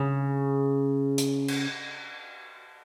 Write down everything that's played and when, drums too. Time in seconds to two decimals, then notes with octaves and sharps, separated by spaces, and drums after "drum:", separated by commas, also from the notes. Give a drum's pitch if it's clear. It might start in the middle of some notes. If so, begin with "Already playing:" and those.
Already playing: C#3
1.18 drum: hi-hat
1.48 drum: cymbal